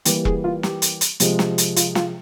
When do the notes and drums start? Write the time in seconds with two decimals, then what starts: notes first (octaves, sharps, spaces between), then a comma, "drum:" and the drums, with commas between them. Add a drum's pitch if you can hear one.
0.05 E3 G3 A#3 G4, drum: hi-hat
0.25 G#4, drum: kick E1
0.44 F4
0.63 G4, drum: snare
0.82 drum: hi-hat
1.01 drum: hi-hat
1.20 C3 F3 G#3, drum: hi-hat
1.39 drum: snare
1.58 drum: hi-hat
1.76 F4, drum: hi-hat
1.95 F4, drum: snare